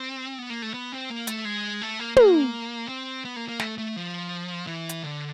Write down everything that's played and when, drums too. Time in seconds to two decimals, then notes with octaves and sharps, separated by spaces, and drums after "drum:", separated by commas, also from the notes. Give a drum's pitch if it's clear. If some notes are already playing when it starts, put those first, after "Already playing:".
Already playing: C4
0.39 B3
0.50 A#3
0.62 A3
0.74 B3
0.92 C4
1.10 A#3
1.27 A3, drum: hi-hat
1.45 G#3
1.82 A3
1.99 A#3
2.16 A#3, drum: tom
2.88 C4
3.25 B3
3.36 A#3
3.48 A#3
3.60 A3, drum: snare
3.78 A3
3.96 F3
4.67 E3
4.89 drum: hi-hat
5.03 D3